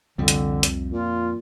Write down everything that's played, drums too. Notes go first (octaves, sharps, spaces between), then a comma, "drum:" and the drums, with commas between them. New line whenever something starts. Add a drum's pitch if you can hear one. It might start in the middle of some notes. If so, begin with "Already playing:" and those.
C2 F2 D3 G3 C4
drum: hi-hat
drum: hi-hat
A#2 F4